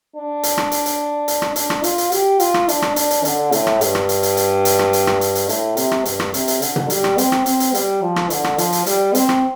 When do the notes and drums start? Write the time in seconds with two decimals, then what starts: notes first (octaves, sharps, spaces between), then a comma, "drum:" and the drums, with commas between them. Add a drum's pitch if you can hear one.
0.16 D4
0.43 drum: hi-hat
0.58 drum: rim click
0.72 drum: hi-hat
0.86 drum: hi-hat
1.28 drum: hi-hat
1.42 drum: rim click
1.56 D4, drum: hi-hat
1.70 drum: rim click
1.84 F4, drum: hi-hat
1.98 drum: hi-hat
2.12 G4, drum: hi-hat
2.40 F4, drum: hi-hat
2.54 drum: rim click
2.69 D4, drum: hi-hat
2.82 drum: rim click
2.96 D4, drum: hi-hat
3.10 drum: hi-hat
3.25 D3, drum: hi-hat
3.52 A2, drum: hi-hat
3.67 drum: rim click
3.81 G2, drum: hi-hat
3.95 drum: rim click
4.09 drum: hi-hat
4.23 drum: hi-hat
4.37 drum: hi-hat
4.65 drum: hi-hat
4.79 drum: rim click
4.93 drum: hi-hat
5.07 drum: rim click
5.21 drum: hi-hat
5.35 drum: hi-hat
5.49 A2, drum: hi-hat
5.77 C3, drum: hi-hat
5.91 drum: rim click
6.05 G2, drum: hi-hat
6.20 drum: rim click
6.34 C3, drum: hi-hat
6.48 drum: hi-hat
6.62 D3, drum: hi-hat
6.76 drum: tom B2
6.90 G3, drum: hi-hat
7.04 drum: rim click
7.18 C4, drum: hi-hat
7.32 drum: rim click
7.46 C4, drum: hi-hat
7.60 drum: hi-hat
7.75 G3, drum: hi-hat
8.02 F3
8.16 drum: rim click
8.30 D3, drum: hi-hat
8.44 drum: rim click
8.58 F3, drum: hi-hat
8.72 drum: hi-hat
8.86 G3, drum: hi-hat
9.15 C4, drum: hi-hat
9.29 drum: rim click